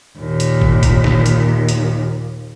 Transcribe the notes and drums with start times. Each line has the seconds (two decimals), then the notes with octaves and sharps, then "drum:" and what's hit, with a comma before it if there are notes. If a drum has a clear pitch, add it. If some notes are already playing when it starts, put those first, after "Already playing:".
0.18 D#2 A#2
0.40 drum: hi-hat
0.61 drum: kick
0.83 drum: kick, hi-hat
1.04 drum: snare D3
1.26 drum: hi-hat
1.69 drum: hi-hat